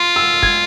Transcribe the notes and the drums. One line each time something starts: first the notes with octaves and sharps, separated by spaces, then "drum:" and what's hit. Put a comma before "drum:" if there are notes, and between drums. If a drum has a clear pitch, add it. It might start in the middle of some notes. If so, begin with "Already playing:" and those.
Already playing: F4 C6
E6
G#6, drum: kick